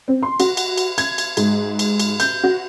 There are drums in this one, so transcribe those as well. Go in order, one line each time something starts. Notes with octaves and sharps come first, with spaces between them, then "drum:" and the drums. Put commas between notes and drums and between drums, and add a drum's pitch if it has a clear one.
C4
C6
F#4, drum: cymbal
drum: cymbal
drum: cymbal
G#6, drum: cymbal
drum: cymbal
G#2, drum: cymbal
drum: cymbal
drum: cymbal
G6, drum: cymbal
F#4